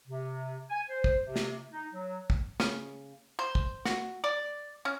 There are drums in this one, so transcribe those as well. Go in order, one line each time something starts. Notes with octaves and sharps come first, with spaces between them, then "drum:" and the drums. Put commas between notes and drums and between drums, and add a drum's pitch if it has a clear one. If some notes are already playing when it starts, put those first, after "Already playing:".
C3
G#5
C5
drum: kick
C3
drum: snare
D#4
F#3
drum: kick
C#3, drum: snare
C5
drum: kick
F#4, drum: snare
D5
C#4